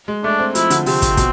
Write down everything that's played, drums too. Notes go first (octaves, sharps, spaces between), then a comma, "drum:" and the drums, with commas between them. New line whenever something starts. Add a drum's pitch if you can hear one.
G#3
A3 D4
C4
F3 E4, drum: hi-hat
D3, drum: hi-hat
C3 C4, drum: open hi-hat
drum: kick, hi-hat
B2, drum: kick, hi-hat